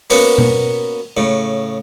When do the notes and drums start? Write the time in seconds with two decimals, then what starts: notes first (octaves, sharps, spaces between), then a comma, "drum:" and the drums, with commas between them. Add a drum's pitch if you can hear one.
0.10 A#3 B3 C#4 F#4, drum: open hi-hat
0.38 drum: tom B2
1.17 A2 C#3